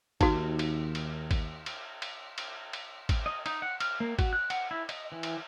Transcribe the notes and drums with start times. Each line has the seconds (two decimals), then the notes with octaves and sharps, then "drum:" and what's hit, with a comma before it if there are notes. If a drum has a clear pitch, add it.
0.21 D#2 D#4 F#4, drum: kick G#1, cymbal
0.59 drum: cymbal
0.95 drum: cymbal
1.31 drum: kick G#1, cymbal
1.66 drum: cymbal
2.02 drum: cymbal
2.38 drum: cymbal
2.73 drum: cymbal
3.09 drum: kick G#1, cymbal
3.26 D#5
3.46 D#4, drum: cymbal
3.62 F#5
3.80 F6, drum: cymbal
4.00 A#3
4.19 F#4, drum: kick G#1, cymbal
4.33 F#6
4.50 F#5, drum: cymbal
4.71 E4
4.89 D#5, drum: cymbal
5.12 E3
5.23 drum: cymbal